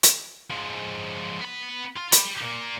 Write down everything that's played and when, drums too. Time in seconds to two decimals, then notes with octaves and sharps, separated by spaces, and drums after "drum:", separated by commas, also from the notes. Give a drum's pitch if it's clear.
0.03 drum: hi-hat
0.50 F3 G#3
1.40 B3 B5
1.96 F4
2.12 G4 B5, drum: hi-hat
2.42 A#2 A#3